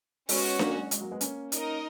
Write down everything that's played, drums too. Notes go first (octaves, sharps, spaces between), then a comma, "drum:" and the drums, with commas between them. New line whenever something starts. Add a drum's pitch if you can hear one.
G#3 B3 C#4 F#4 C#5, drum: open hi-hat
F#3 A#3, drum: snare D4
F#3
G#3
G#3, drum: hi-hat
F#3 A#3
G#3 B3
A#3 C#4, drum: hi-hat
D#4 A#4 D#5, drum: hi-hat